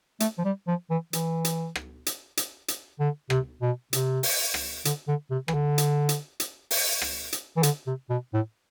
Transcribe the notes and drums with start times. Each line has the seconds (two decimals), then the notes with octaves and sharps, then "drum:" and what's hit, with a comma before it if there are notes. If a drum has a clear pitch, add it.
0.20 A3, drum: hi-hat
0.38 F3
0.45 G3
0.67 F3
0.90 E3
1.13 E3, drum: hi-hat
1.45 drum: hi-hat
1.75 drum: rim click
2.06 drum: hi-hat
2.37 drum: hi-hat
2.68 drum: hi-hat
3.00 D3
3.30 C3, drum: rim click
3.62 B2
3.93 C3, drum: hi-hat
4.23 drum: open hi-hat
4.54 drum: rim click
4.85 D3, drum: hi-hat
5.08 D3
5.31 C3
5.48 E3, drum: rim click
5.54 D3
5.78 drum: hi-hat
6.09 drum: hi-hat
6.40 drum: hi-hat
6.71 drum: open hi-hat
7.02 drum: rim click
7.32 drum: hi-hat
7.57 E3
7.63 D3, drum: hi-hat
7.87 C3
8.10 B2
8.34 A2